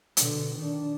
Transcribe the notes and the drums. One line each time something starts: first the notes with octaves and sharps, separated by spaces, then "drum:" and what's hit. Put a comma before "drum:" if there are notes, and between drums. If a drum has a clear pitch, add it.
B2 D3, drum: hi-hat
D#3 D4